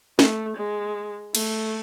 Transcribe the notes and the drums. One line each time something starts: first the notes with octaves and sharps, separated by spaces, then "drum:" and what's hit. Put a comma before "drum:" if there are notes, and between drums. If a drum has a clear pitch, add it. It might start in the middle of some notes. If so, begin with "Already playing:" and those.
A3, drum: snare
G#3
A3, drum: cymbal